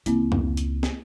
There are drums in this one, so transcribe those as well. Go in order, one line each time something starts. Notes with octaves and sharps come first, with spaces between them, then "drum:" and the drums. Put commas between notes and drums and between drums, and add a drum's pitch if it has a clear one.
C#2 A#3 C4 E4, drum: hi-hat
drum: tom
drum: hi-hat
drum: snare